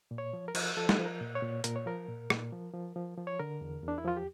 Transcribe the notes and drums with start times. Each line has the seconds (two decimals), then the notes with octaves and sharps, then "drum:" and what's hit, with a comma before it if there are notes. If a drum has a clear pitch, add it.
0.11 A#2
0.18 C#5
0.33 F3
0.48 A#4
0.55 F3, drum: cymbal
0.77 F3 A4
0.89 drum: snare
0.99 F3
1.06 A#4
1.20 A#2
1.35 C#5
1.42 A#2
1.64 A#2 A#4, drum: hi-hat
1.76 C#5
1.86 F3 A#4
2.08 A#2
2.30 A#2, drum: rim click
2.52 F3
2.74 F3
2.96 F3
3.17 F3
3.27 C#5
3.40 D3 A#4
3.61 E2
3.83 E2 D4
3.98 E4
4.05 F3 F4
4.17 G4